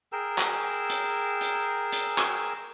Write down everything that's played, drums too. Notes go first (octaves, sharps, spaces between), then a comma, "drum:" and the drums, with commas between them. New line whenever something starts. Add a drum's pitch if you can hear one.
G#4 A#4 G5 E6
drum: clap
drum: hi-hat
drum: hi-hat
drum: hi-hat
drum: clap